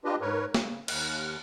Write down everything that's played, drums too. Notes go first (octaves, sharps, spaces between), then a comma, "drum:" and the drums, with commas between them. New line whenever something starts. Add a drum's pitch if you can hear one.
D4 F4 G4 B4 D#5
G#2 A#4 B4 C#5
C#3, drum: snare
D#2 F6 F#6, drum: cymbal